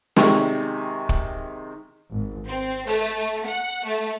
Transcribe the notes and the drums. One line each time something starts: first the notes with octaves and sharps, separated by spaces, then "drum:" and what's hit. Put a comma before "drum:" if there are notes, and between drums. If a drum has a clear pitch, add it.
C3 D#3 G#3 C#6, drum: snare
drum: kick
G#1
C4
A3, drum: open hi-hat
F#5
A3